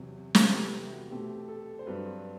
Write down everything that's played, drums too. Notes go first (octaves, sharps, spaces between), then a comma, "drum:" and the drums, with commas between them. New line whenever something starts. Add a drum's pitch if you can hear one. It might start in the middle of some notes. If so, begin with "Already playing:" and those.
Already playing: E2 C3 F#3
E2 C3 E3 B3 A4, drum: snare
G4
E4
F#4
B2 A3 C4 G4
A4
C5
G2 F#3 C4 B4